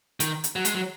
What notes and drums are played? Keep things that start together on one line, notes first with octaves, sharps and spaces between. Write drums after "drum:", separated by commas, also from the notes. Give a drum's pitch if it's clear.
D#3, drum: hi-hat
drum: hi-hat
F#3
G#3, drum: hi-hat
F#3